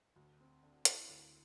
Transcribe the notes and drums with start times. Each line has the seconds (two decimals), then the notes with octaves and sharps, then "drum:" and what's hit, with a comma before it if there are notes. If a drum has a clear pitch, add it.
0.16 D2
0.40 C4
0.62 D3
0.85 E4, drum: hi-hat
1.09 D2